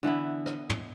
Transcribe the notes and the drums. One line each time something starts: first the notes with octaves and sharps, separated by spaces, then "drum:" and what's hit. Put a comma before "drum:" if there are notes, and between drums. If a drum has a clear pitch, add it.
D3 E3 B3 E4
D#5, drum: rim click
drum: tom